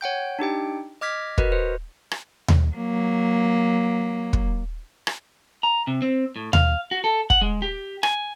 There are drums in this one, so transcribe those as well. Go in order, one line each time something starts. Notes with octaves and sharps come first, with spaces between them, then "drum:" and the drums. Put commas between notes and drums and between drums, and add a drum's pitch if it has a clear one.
C#5 F#5 G5 G6
D4 D#4 G4 G5
D#5 D6 F6 G#6 B6
F#4 A#4 B4 D#5, drum: kick
B4 C5
drum: rim click
drum: tom D#2
F#3 A#3
drum: kick
drum: rim click
A#5
C3
C4
A2
F5, drum: tom D#2
F#4
A4
F#5, drum: kick
G#3
G4
G#5, drum: rim click